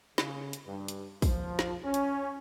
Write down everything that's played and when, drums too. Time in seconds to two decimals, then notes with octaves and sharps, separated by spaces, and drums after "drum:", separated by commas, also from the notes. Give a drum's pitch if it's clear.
0.18 C#3, drum: snare
0.53 drum: hi-hat
0.66 G2
0.88 drum: hi-hat
1.22 F3, drum: kick, open hi-hat
1.59 drum: snare
1.84 C#4
1.94 drum: hi-hat